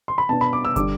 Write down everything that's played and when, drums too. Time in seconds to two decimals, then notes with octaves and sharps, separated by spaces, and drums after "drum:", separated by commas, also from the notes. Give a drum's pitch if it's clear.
0.08 C6
0.18 B5
0.29 B2 B3 D4 A5
0.41 B5
0.53 D6
0.65 E6
0.76 D3 G3 D4 D6, drum: kick, hi-hat